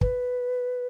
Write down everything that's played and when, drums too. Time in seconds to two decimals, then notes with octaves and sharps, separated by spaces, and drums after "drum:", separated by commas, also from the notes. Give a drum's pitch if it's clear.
0.01 B4, drum: kick